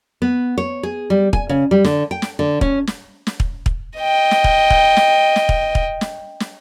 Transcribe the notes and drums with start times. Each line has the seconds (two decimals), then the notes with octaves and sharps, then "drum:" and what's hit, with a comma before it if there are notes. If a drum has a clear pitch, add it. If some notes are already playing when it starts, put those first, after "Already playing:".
0.22 B3
0.58 C#5
0.83 G#4
1.10 G3
1.33 G#5, drum: kick
1.49 C#3
1.71 G3
1.84 D3, drum: snare
2.11 G5
2.22 drum: snare
2.39 D3
2.61 C#4, drum: kick
2.87 drum: snare
3.27 drum: snare
3.40 drum: kick
3.66 drum: kick
3.98 D#5 G5
4.31 drum: snare
4.44 drum: kick
4.70 drum: kick
4.97 drum: snare
5.36 drum: snare
5.49 drum: kick
5.75 drum: kick
6.01 drum: snare
6.40 drum: snare